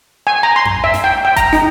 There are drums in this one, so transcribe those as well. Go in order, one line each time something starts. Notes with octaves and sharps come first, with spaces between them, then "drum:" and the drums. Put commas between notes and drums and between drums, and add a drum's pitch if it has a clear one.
G#5
A#5
C6
drum: tom F2
E5
drum: snare
G5
G5
A#5, drum: kick F#1, hi-hat
D#4, drum: snare